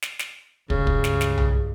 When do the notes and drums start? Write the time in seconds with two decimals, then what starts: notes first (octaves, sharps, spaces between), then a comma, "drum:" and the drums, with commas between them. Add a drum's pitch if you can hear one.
0.02 drum: snare
0.19 drum: snare
0.70 C#2 G2 C#3, drum: kick
0.87 drum: kick
1.04 drum: snare
1.21 drum: snare
1.38 drum: tom B1